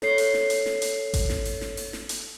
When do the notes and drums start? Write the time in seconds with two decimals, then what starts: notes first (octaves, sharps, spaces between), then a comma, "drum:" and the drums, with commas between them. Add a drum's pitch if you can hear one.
0.02 A4 C#5 C7, drum: snare
0.18 drum: hi-hat
0.34 drum: snare
0.50 drum: hi-hat
0.66 drum: snare
0.82 drum: hi-hat
1.14 drum: kick G#1, hi-hat
1.29 drum: snare
1.45 drum: open hi-hat
1.61 drum: snare
1.77 drum: open hi-hat
1.93 drum: snare
2.09 drum: hi-hat